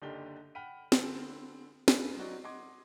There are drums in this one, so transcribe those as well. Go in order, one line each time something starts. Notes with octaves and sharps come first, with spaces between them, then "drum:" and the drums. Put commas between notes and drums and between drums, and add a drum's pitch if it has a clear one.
F#1 D3 D4 D#4 G4 G7
F#5 G5 B5 F6 B6 D#7
D3 B3 C4 G#4 A4, drum: snare
B3 D4 F4 G#4 A4, drum: snare
F#3 C4 D#4 F#4 D5 F#5
D#5 F#5 C6 D6 G#6